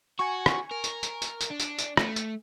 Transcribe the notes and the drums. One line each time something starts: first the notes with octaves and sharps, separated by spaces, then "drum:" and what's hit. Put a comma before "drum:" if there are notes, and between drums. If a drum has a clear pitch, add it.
F#4 G#5 C#6
drum: rim click
A#4
drum: tambourine
drum: tambourine
drum: tambourine
drum: tambourine
D4
drum: tambourine
drum: tambourine
A3, drum: rim click
drum: tambourine